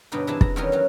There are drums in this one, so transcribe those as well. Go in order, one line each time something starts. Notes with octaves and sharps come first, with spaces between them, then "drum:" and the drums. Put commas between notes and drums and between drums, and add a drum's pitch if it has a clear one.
G2 B2 D3 D#4 D5 G5
C3 E3 E4 G#4 B4 A5
A#5, drum: kick
E2 D#3 E3 G3 C#4 A#4
F#3 C#4